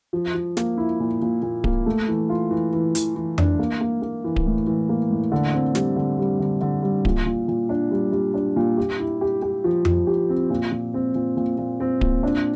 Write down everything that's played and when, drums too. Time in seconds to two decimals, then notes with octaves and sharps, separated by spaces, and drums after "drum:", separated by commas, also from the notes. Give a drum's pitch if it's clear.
0.13 F3
0.34 F3
0.57 A#3, drum: snare
0.78 E4
1.00 A#2
1.22 A#2
1.42 A#2
1.64 A#3, drum: kick D1
1.86 A3
2.08 E3
2.29 F4
2.51 E3
2.73 E3
2.95 E3, drum: hi-hat
3.16 E3
3.38 D4, drum: tom F2
3.59 A#3
3.81 A#3
4.02 A#3
4.24 E3
4.36 drum: kick D1
4.46 A2
4.67 E3
4.89 A#3
5.11 A2
5.32 D3
5.54 C4
5.75 G3, drum: snare
5.96 D3
6.19 G3
6.40 D3
6.61 D3
6.82 G3
7.05 A#2, drum: kick D1
7.26 A#2
7.48 A#2
7.69 D4
7.91 G3
8.12 G3
8.34 D4
8.56 A#2
8.77 G4
9.00 E4
9.21 G4
9.42 G4
9.64 F3
9.85 F3, drum: tom F2
10.07 G4
10.29 C4
10.50 A#2
10.72 A#2
10.94 C4
11.15 A#2
11.37 A#2
11.58 A#2
11.80 C4
12.01 A#2, drum: kick D1
12.23 D4